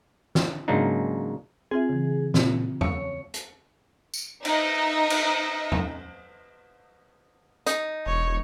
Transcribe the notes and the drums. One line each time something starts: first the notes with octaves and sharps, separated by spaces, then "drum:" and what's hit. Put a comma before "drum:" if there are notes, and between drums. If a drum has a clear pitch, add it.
drum: snare
G#2 C#3 F#3 A#3 D4 D#4
C4 F4 G#4 E5
C#3 E3
A#2 C4 F4 G4, drum: snare
C#5 A5 E6, drum: tom E2
drum: hi-hat
drum: tambourine
D#4 D#5 E5, drum: cymbal
drum: cymbal
drum: tom E2
D#4, drum: hi-hat
E1 C#5